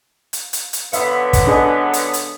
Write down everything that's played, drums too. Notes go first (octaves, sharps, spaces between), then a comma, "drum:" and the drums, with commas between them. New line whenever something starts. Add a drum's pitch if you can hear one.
drum: hi-hat
drum: hi-hat
drum: hi-hat
D3 F#3 B3 E5 F5, drum: hi-hat
drum: kick, hi-hat
D4 G#4 D#5
drum: hi-hat
drum: hi-hat